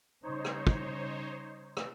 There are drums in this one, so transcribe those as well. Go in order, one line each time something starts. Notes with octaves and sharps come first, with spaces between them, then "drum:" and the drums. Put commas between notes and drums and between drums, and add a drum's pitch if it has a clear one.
C#3 G3 D#4 C5 C#5
drum: rim click
drum: kick
drum: rim click